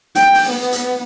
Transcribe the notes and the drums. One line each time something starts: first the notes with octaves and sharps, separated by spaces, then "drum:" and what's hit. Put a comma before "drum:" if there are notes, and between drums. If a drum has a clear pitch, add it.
G5, drum: hi-hat
drum: open hi-hat
B3
drum: hi-hat